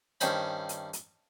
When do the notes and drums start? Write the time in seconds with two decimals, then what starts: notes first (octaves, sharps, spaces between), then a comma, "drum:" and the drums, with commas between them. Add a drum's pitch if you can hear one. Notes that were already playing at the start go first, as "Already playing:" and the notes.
0.21 G2 D#3 C#4 C5 B5, drum: hi-hat
0.69 drum: hi-hat
0.93 drum: hi-hat